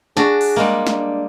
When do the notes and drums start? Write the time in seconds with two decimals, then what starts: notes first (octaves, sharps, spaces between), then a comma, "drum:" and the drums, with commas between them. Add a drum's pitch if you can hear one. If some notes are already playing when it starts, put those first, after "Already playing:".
0.17 D4 F#4 G#4, drum: snare
0.41 drum: open hi-hat
0.56 G3 G#3 A#3
0.87 D4, drum: snare